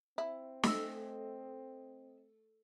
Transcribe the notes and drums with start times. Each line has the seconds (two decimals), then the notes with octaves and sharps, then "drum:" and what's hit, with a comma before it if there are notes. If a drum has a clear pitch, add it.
0.18 C4 E4
0.63 A3 D#5 E6, drum: snare